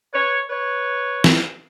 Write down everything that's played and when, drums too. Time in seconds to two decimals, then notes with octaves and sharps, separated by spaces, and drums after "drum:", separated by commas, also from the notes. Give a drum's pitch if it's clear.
0.13 B4 C#5
0.50 B4 C#5
1.24 drum: snare